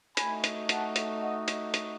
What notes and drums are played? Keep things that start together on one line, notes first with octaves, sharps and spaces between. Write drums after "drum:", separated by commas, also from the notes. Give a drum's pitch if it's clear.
A3 D#4 F#4 G#5 B5, drum: hi-hat
drum: hi-hat
F#5 A5, drum: hi-hat
drum: hi-hat
D#5 F#5
drum: hi-hat
drum: hi-hat